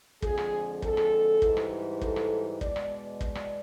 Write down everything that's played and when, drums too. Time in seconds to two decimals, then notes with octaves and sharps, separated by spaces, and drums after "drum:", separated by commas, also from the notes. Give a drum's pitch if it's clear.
0.22 F2 D3 F3 G#3 G#4, drum: kick
0.38 drum: rim click
0.82 A4, drum: kick
0.97 drum: rim click
1.42 G#2 E3 G3, drum: kick
1.57 drum: rim click
2.01 A4, drum: kick
2.16 drum: rim click
2.61 E2 B2 G#3 D5, drum: kick
2.76 drum: rim click
3.21 D5, drum: kick
3.35 drum: rim click